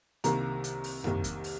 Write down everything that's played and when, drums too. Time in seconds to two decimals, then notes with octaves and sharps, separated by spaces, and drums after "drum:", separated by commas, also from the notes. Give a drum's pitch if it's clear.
0.24 C2 C3 D#3 A#3 A#5, drum: hi-hat
0.64 drum: hi-hat
0.84 drum: open hi-hat
1.04 C2 C3 D#3 A#3, drum: tom F#2
1.24 drum: kick F2, hi-hat
1.44 drum: open hi-hat